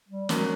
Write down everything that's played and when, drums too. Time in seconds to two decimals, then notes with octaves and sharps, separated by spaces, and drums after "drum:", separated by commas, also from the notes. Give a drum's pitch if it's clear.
0.09 G3
0.29 F#3 G#3 A#3 C#4, drum: snare